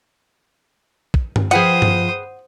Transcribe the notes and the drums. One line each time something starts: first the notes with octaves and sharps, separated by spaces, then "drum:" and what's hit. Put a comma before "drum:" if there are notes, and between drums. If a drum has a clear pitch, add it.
drum: kick
drum: tom G2
F3 F4 G#4 B4 C5 F#5 G5 D#6, drum: hi-hat
drum: tom G2